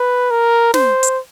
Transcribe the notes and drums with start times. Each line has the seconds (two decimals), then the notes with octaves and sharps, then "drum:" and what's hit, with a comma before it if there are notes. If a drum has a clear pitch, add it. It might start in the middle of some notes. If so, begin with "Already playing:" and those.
Already playing: B4
0.31 A#4
0.74 C5, drum: snare
1.03 drum: hi-hat